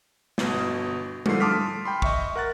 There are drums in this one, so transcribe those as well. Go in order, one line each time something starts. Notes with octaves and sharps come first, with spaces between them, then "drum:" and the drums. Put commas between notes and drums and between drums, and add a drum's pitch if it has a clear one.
G1 B2, drum: snare
G#2 D3 F3 A3 C7, drum: tom G3
A5 C6 D6 D#6 F6 B6
G5 B5 C6
D#5 E5 C#6, drum: kick
A#4 F#5 F#6 A6